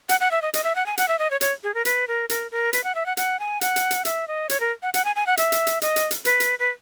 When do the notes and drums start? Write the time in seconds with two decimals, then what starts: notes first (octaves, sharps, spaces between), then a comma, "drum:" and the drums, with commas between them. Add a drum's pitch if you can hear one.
0.09 F#5, drum: hi-hat
0.20 F#5
0.31 E5
0.42 D#5
0.54 D#5, drum: hi-hat
0.64 E5
0.75 F#5
0.86 G#5
0.98 F#5, drum: hi-hat
1.08 E5
1.19 D#5
1.31 C#5
1.41 C#5, drum: hi-hat
1.63 G#4
1.74 A#4
1.85 B4, drum: hi-hat
2.08 A#4
2.30 A#4, drum: hi-hat
2.51 A#4
2.73 B4, drum: hi-hat
2.84 F#5
2.95 E5
3.06 F#5
3.17 F#5, drum: hi-hat
3.40 G#5
3.61 F#5, drum: hi-hat
3.76 drum: hi-hat
3.91 drum: hi-hat
4.05 E5, drum: hi-hat
4.28 D#5
4.49 C#5, drum: hi-hat
4.60 A#4
4.83 F#5
4.94 F#5, drum: hi-hat
5.05 G#5
5.16 G#5
5.27 F#5
5.37 E5, drum: hi-hat
5.52 drum: hi-hat
5.67 drum: hi-hat
5.82 D#5, drum: hi-hat
5.96 drum: hi-hat
6.11 drum: hi-hat
6.25 B4, drum: hi-hat
6.40 drum: hi-hat
6.59 B4